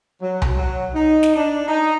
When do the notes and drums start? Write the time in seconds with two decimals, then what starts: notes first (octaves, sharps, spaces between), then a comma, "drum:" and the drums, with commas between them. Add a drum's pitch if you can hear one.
0.21 F#3
0.42 drum: tom C2
0.58 F#3
0.95 D#4
1.23 drum: snare
1.35 D4
1.68 D#4